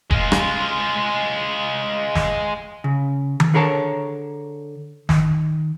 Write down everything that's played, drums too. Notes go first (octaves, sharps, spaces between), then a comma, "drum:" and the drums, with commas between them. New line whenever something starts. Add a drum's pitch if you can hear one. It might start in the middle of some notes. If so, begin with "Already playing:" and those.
G#3 F4, drum: kick E1
drum: rim click
drum: snare
C#3
drum: tom D#3
D3 G#4 A#4 C#5 F#5 A5
D#3, drum: snare